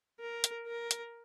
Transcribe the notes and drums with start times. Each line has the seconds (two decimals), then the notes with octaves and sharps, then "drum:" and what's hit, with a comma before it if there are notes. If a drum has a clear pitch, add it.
0.20 A#4
0.44 drum: hi-hat
0.67 A#4
0.91 drum: hi-hat